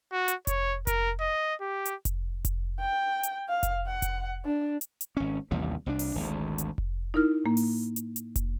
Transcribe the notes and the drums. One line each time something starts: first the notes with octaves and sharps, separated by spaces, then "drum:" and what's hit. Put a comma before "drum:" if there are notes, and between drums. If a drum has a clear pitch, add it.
F#4
drum: hi-hat
C#5, drum: kick F1, hi-hat
A#4, drum: kick F1, hi-hat
D#5
G4
drum: hi-hat
drum: kick F1, hi-hat
drum: kick F1, hi-hat
G5
drum: hi-hat
F5
drum: kick F1, hi-hat
F#5
drum: kick F1, hi-hat
D4
drum: hi-hat
drum: hi-hat
G#1 C#4
A1 D#2 C3 G3
C2 G#3 D4
drum: open hi-hat
G#1 D2
drum: hi-hat
drum: kick F1
D#4 E4 A#4 F6
A2 A#3
drum: open hi-hat
drum: hi-hat
drum: hi-hat
drum: kick F1, hi-hat